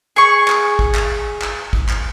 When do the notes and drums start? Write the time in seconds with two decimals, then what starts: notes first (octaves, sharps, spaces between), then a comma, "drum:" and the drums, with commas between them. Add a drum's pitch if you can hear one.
0.16 G#4 C#6
0.48 drum: clap
0.79 drum: kick
0.95 drum: clap
1.42 drum: clap
1.73 drum: kick
1.89 drum: clap